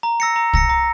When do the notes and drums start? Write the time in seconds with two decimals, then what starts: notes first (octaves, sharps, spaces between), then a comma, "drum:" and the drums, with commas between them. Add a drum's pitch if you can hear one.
0.03 A#5
0.20 E6 A#6 C#7
0.36 A#5
0.53 E6 A#6 C#7, drum: kick
0.70 A#5